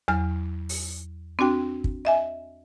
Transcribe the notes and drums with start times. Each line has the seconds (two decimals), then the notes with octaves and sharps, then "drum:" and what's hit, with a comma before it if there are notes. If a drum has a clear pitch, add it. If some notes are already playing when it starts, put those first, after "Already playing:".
0.08 E2 F#3 F6
0.69 drum: open hi-hat
1.39 C4 D4 F#4 G5
1.84 drum: kick
2.05 D#5 E5 G#5